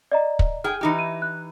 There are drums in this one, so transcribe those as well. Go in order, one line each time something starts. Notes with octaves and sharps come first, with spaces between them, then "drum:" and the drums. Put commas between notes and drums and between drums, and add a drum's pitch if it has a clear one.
D5 D#5 A#5
drum: kick
G#4 G5 F6
E3 D#4 G4
D#7
F#6